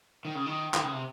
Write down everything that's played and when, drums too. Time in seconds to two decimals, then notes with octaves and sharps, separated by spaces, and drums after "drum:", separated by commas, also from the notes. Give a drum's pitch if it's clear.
0.25 D#3
0.35 C#3
0.46 D#3
0.74 D#3, drum: clap
0.83 C#3
0.93 C3